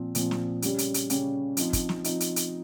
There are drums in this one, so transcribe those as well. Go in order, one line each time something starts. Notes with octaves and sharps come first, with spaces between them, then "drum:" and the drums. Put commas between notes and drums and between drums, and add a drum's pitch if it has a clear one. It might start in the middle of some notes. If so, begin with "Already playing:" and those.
Already playing: A#2 F3 C4
A#2 F3 C4, drum: hi-hat
drum: snare
C#3 G3 C#4 G4, drum: hi-hat
drum: hi-hat
drum: hi-hat
C#3 G3 C#4 G4, drum: hi-hat
F3 C4 D#4, drum: hi-hat
drum: kick, hi-hat
drum: snare
F3 C4 D#4, drum: hi-hat
drum: hi-hat
drum: hi-hat